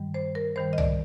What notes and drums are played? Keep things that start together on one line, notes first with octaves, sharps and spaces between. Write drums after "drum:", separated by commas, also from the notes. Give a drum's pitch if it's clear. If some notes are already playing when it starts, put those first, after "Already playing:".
Already playing: G2 D#3 G3
C5
A#4
G2 D#3 G3 C5
D#5
D5, drum: tom C2